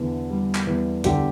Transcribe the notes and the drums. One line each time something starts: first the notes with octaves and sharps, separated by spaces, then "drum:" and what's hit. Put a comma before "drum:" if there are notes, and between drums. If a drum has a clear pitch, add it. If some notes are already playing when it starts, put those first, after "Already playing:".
Already playing: E2 D3
G3
drum: clap
E2
D3 G4, drum: kick, hi-hat